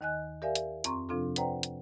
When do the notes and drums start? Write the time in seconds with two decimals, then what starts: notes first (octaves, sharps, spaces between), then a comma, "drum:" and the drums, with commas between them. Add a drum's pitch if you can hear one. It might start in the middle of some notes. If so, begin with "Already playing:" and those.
0.01 D#2 D#3 D#5 G#5 F#6
0.42 G4 A#4 D5 E5 F5 G#5
0.55 drum: hi-hat
0.84 F2 C4 A#5 C6 C#6, drum: hi-hat
1.09 C3 F3 C4 D4 F4 A4
1.36 B4 C5 D5 F#5 G5 A#5, drum: hi-hat
1.63 drum: hi-hat